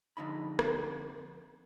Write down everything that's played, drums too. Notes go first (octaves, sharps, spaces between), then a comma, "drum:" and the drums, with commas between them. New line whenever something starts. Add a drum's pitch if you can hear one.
F2 D3 D#4 B5
drum: rim click